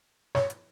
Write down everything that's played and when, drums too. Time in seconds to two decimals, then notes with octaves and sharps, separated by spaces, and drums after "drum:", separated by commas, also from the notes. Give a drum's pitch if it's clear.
0.35 C#5, drum: snare
0.50 drum: hi-hat